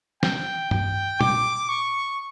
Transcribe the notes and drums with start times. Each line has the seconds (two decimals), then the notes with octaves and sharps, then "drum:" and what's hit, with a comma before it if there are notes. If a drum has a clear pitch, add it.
0.23 G5, drum: snare
0.71 G5, drum: tom G2
1.21 D6, drum: tom A#2
1.69 C#6